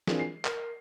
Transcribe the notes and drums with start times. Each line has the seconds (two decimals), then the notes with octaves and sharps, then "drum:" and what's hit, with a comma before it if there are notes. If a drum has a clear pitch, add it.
0.07 E3 C4 D4 F4 G#4 A#4, drum: snare
0.20 C7
0.45 A#4, drum: clap